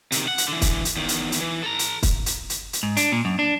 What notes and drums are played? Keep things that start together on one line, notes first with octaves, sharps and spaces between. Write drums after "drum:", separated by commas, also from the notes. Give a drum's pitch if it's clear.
C3 D#3, drum: hi-hat
F#5
drum: hi-hat
D3 E3
drum: kick, hi-hat
drum: hi-hat
E2 D#3
drum: hi-hat
drum: hi-hat
E3
A4 A#5
drum: hi-hat
drum: kick, hi-hat
drum: hi-hat
drum: hi-hat
drum: hi-hat
G#2
D4, drum: hi-hat
A#2
F#2
D4